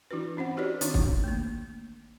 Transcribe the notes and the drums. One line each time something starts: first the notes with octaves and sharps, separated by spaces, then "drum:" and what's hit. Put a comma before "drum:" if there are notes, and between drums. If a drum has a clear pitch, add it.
E3 D4 E4 F#4 B4
C4 C#4 C5 F#5
D#4 F#4 G4 B4 C#5 D5
D#3 C4 D4 D#4, drum: hi-hat
drum: kick
A3 A#3